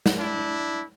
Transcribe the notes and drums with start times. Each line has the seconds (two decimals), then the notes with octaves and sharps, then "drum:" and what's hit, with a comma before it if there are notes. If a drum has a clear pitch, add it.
0.06 drum: snare
0.19 D4 E4